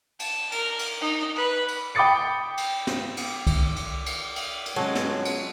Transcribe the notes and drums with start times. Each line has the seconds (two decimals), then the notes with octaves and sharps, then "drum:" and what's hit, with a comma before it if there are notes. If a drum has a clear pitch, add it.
0.19 A5, drum: cymbal
0.52 A#4, drum: cymbal
0.79 drum: cymbal
1.01 D#4
1.35 B4
1.68 drum: cymbal
1.95 G5 B5 D6 D#6 A6 C#7
2.57 drum: cymbal
2.87 drum: snare
3.17 drum: cymbal
3.47 drum: kick C2, cymbal
3.76 drum: cymbal
4.06 drum: cymbal
4.36 drum: cymbal
4.66 drum: cymbal
4.76 F#3 G#3 C#4 F4 G#4 C#5 A5 C#6
4.95 drum: snare
5.25 drum: cymbal